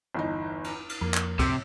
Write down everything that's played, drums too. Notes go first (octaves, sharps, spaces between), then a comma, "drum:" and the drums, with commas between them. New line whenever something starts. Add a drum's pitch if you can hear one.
G1 E2 D#4
drum: cymbal
drum: cymbal
F2 A#3
drum: clap
C3 E6 G6, drum: kick, cymbal